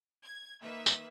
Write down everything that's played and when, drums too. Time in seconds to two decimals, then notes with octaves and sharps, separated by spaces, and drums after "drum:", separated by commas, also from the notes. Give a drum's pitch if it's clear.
0.24 G#6
0.62 D#3 A#3 B4 E5
0.86 drum: tambourine